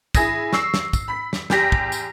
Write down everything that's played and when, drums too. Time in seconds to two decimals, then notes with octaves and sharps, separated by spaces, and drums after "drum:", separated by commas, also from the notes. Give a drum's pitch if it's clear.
0.15 E4 G#4 G#5 D#6 A#6, drum: kick, tambourine
0.53 C#6 E6 C7, drum: snare
0.74 drum: snare
0.93 drum: kick, tambourine
1.08 B5 B6
1.33 drum: snare
1.50 E2 G4 G5 A#6 B6, drum: snare
1.72 drum: kick
1.92 drum: tambourine